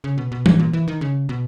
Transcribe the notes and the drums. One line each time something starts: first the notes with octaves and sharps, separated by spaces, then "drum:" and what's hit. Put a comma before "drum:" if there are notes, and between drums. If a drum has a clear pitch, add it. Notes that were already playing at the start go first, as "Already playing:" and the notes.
C#3
B2
B2
G#2, drum: tom E3
A#2
E3
D#3
C#3
B2